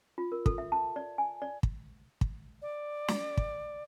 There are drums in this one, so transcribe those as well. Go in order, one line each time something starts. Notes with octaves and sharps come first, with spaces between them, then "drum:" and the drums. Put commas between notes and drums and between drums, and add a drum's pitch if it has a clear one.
F4
A#4
A4, drum: kick
E5
A5
D5
G#5
D5
drum: kick
drum: kick
D5
drum: snare
drum: kick